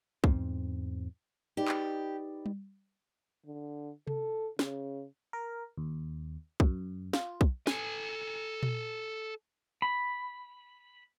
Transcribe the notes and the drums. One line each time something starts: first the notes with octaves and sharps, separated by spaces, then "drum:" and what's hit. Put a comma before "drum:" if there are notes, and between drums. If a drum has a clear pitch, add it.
E2 G#2 C4, drum: kick
D#4 G4 B4 D5
drum: clap
drum: tom G3
D3
A4, drum: tom C3
C#3, drum: snare
A#4
D#2
F#2, drum: kick
F4, drum: snare
drum: kick
A4 G#5, drum: snare
drum: tom A#2
B5